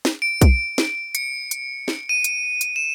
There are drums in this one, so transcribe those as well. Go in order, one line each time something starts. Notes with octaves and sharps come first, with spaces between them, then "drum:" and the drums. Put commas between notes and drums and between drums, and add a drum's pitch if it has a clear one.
drum: snare
D7
drum: kick B1, hi-hat
drum: snare
C#7, drum: hi-hat
drum: hi-hat
drum: snare
D#7
drum: hi-hat
drum: hi-hat
E7